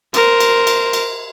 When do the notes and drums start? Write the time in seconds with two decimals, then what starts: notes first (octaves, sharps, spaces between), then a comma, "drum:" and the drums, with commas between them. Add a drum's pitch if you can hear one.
0.14 A#4 C5, drum: cymbal
0.40 drum: cymbal
0.67 drum: cymbal
0.93 drum: cymbal